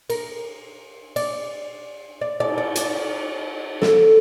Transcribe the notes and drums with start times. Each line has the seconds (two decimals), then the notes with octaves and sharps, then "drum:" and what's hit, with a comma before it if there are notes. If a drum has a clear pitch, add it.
0.10 A#4, drum: cymbal
1.16 D5, drum: cymbal
2.21 D5
2.40 D5, drum: cymbal
2.58 D5
2.75 D5, drum: hi-hat
3.82 A4, drum: snare